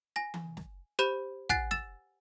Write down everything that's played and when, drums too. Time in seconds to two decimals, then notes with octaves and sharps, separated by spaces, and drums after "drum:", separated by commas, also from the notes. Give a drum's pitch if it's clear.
0.16 G#5 A#6
0.34 drum: tom E3
0.57 drum: snare
0.99 G4 C5 B5 G6 E7
1.49 F#5 G#5 F#6 A6 C7, drum: kick
1.71 E6 A6 E7, drum: snare